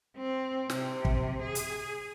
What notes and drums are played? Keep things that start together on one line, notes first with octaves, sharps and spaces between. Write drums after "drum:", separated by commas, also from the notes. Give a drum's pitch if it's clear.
C4
C3, drum: snare
drum: kick
G#4
drum: hi-hat